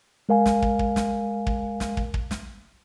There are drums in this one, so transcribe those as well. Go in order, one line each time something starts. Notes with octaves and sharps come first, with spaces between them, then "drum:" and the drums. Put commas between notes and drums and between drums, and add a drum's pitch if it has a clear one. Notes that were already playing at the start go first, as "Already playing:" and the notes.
G#3 A#4 F5 G#5
drum: snare
drum: kick
drum: kick
drum: snare
drum: kick
drum: snare
drum: kick
drum: kick
drum: snare